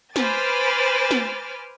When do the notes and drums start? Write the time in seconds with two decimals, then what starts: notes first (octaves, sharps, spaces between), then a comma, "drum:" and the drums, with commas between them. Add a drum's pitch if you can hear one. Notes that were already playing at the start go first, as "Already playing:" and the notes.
0.16 B4 C5 G#5 D6 F6 A6, drum: snare
1.11 drum: snare